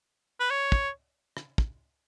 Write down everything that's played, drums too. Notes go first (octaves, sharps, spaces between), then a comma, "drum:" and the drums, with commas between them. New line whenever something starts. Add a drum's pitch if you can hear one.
B4
C#5
drum: kick
drum: rim click
drum: kick